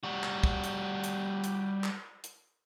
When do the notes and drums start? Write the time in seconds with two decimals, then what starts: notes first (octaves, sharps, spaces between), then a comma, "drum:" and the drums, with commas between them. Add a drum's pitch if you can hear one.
0.03 G3 F#4
0.23 drum: clap
0.44 drum: kick
0.64 drum: hi-hat
1.04 drum: hi-hat
1.44 drum: hi-hat
1.84 drum: clap
2.24 drum: hi-hat